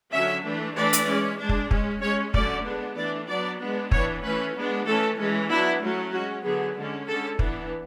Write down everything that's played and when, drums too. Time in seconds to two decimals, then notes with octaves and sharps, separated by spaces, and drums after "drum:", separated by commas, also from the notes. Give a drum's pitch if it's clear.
0.13 D3 F#3 C#4 E5
0.44 E3 A3 D4
0.76 E3 A3 D4 D5
0.93 drum: hi-hat
1.07 G#3 C#4
1.39 G#3 D4
1.49 drum: kick
1.71 G#3 C#4, drum: kick
2.02 G#3 C#4 C#5
2.34 D3 F#3 A3 C#4 D5, drum: kick
2.65 G#3 B3 D4
2.97 E3 A3 D4 D5
3.28 F#3 B3 D4 D5
3.60 G#3 B3 D4
3.91 E3 B3 D4 C#5, drum: kick
4.23 E3 A3 C#4 B4
4.55 G#3 B3 D4
4.86 E3 A3 C#4 A4
5.18 E3 G#3 C#4
5.50 F#3 B3 D4 E4
5.81 F#3 A3 C#4
6.13 G#3 C#4 F#4
6.44 D3 F#3 B3 G#4
6.76 D3 G#3 C#4
7.07 D3 G#3 C#4 A4
7.39 E3 B3 D4, drum: kick